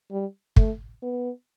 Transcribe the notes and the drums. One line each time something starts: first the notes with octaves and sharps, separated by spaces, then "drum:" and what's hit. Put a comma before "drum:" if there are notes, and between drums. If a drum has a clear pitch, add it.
G3
A3, drum: kick
B3